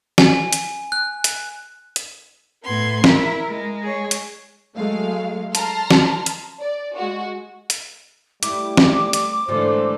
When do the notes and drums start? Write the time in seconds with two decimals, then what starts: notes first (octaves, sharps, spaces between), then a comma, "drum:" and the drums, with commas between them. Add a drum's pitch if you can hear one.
0.18 G#5, drum: snare
0.53 drum: hi-hat
0.92 F#6
1.24 drum: hi-hat
1.96 drum: hi-hat
2.64 A2 B3 C6 G#6
3.04 E4 A#4, drum: snare
3.48 G#3
3.82 G#4 C#5
4.11 drum: hi-hat
4.75 F#3 G#3 A3 F5
5.55 A5 A#5 C6 F6, drum: hi-hat
5.91 drum: snare
6.26 drum: hi-hat
6.60 D5
6.95 G#3 F#4
7.70 drum: hi-hat
8.43 G3 A3 E4 D6, drum: hi-hat
8.77 drum: snare
9.13 drum: hi-hat
9.48 G#2 D3 E3 G3 A3 F4 C5